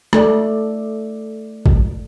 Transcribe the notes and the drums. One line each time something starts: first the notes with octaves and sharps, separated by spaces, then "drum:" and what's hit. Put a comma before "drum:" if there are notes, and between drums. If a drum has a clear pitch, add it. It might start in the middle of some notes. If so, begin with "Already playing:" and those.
A3 A4 D5, drum: rim click
drum: kick A1